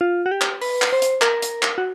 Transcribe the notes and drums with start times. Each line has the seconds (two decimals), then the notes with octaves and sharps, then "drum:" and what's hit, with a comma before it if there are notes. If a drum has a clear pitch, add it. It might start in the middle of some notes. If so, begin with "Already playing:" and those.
0.01 F4
0.26 F#4
0.31 G4
0.41 drum: clap
0.62 B4, drum: open hi-hat
0.82 drum: clap
0.93 C5
1.02 drum: hi-hat
1.22 A#4, drum: clap
1.42 drum: hi-hat
1.63 drum: clap
1.78 F#4